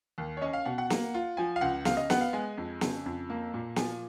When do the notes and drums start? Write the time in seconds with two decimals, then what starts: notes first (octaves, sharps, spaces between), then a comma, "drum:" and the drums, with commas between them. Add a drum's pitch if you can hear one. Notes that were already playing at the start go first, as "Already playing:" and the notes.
0.18 D#2
0.37 C#5
0.41 C#4 D#5
0.53 F5
0.65 B2 F#5
0.78 F#5
0.90 A#3, drum: snare
1.14 F4
1.37 F3 G#5
1.56 F5
1.61 C#2 F#5
1.85 C#3 F5, drum: snare
1.97 D#5
2.10 B3 F#5, drum: snare
2.21 F5
2.33 G#3 G#5
2.57 F2
2.81 C#3, drum: snare
3.06 F2
3.30 A#3
3.54 A#2
3.76 F3 G#5, drum: snare